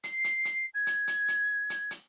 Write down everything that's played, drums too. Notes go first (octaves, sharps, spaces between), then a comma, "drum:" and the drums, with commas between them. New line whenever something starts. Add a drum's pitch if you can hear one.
C7, drum: hi-hat
drum: hi-hat
drum: hi-hat
G#6
drum: hi-hat
drum: hi-hat
drum: hi-hat
drum: hi-hat
drum: hi-hat